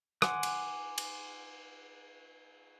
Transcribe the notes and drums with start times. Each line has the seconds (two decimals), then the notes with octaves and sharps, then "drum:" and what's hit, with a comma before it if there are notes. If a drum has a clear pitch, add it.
0.22 F#5 G#5 C6 D6 F#6, drum: rim click
0.43 drum: cymbal
0.98 drum: cymbal